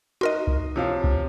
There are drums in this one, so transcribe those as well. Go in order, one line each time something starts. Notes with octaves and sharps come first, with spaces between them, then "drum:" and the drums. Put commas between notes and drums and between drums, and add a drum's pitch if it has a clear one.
D#4 F#4 A#4 D#5 C6
drum: kick C2
C3 F3 C#5 F5
drum: kick C2